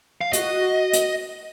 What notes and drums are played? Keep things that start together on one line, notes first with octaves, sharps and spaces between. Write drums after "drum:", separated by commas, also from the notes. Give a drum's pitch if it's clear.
F5
F#4 D#5, drum: hi-hat
drum: hi-hat